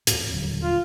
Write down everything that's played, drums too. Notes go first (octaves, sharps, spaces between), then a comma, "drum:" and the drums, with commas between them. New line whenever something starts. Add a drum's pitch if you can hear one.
E2 A2, drum: hi-hat
D#1 D3 F#3
F4